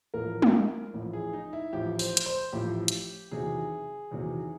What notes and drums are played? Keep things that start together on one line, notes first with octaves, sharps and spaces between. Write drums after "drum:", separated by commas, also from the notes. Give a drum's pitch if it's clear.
A1 A2 F3 A#4
drum: tom
A1 A2 F3
G#4
D#4
E4
A1 A2 F3 G4
C5, drum: open hi-hat
drum: hi-hat
C5
A1 A2 F3 G4
drum: hi-hat
E2 C3 D#3 F#3 G#4
E2 C3 D#3 F#3